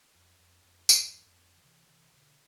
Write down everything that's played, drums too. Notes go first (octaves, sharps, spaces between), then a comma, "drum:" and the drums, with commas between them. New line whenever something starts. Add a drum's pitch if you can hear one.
F2
F2
F2
E2 G2, drum: tambourine
F2 A2
F3
C3 E3
C3 E3
B2 D3